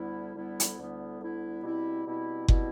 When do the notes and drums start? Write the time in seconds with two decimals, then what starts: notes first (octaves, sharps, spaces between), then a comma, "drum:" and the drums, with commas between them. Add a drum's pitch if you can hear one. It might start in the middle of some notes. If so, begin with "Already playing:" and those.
Already playing: D2 D3 G3 B3 E4
0.35 D2 D3 G3 B3 E4
0.60 drum: hi-hat
0.78 D2 D3 G3 B3 E4
1.21 D2 D3 G3 B3 E4
1.63 B2 G3 C4 E4
2.06 B2 G3 C4 E4
2.48 B2 G3 C4 E4, drum: kick F#1